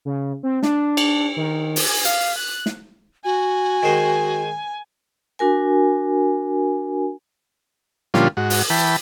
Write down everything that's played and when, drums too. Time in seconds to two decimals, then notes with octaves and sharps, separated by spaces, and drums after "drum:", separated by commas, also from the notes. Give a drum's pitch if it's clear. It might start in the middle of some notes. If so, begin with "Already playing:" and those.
0.05 C#3
0.43 C4
0.63 D4, drum: snare
0.97 drum: cymbal
1.37 D#3
1.76 drum: open hi-hat
1.88 G#5
2.05 F5, drum: hi-hat
2.36 F#6
2.66 drum: snare
3.25 F#4 G#5
3.83 D#3 G#3 C5
5.39 D4 F#4 A#4 G#5
8.14 A#2 D3 F3 G3 C#4 F4, drum: snare
8.37 G#2 F#4
8.50 drum: open hi-hat
8.70 E3 G5 A5 B5